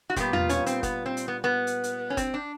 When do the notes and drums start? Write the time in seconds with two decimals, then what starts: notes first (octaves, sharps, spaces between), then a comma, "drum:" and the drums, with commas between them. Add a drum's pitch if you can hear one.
0.10 F#4
0.16 A#2 G3 B3 G4, drum: kick, hi-hat
0.33 F4, drum: tom E2
0.49 C#4, drum: hi-hat
0.66 C4, drum: hi-hat
0.83 B3, drum: kick, hi-hat
1.06 C4
1.17 drum: hi-hat
1.28 B3
1.44 B3
1.67 drum: hi-hat
1.84 drum: hi-hat
2.10 C#4
2.17 C4, drum: kick, hi-hat
2.34 D4